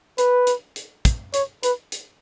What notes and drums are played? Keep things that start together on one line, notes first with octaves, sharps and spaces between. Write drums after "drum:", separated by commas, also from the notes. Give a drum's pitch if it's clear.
B4, drum: hi-hat
drum: hi-hat
drum: hi-hat
drum: kick, hi-hat
C#5, drum: hi-hat
B4, drum: hi-hat
drum: hi-hat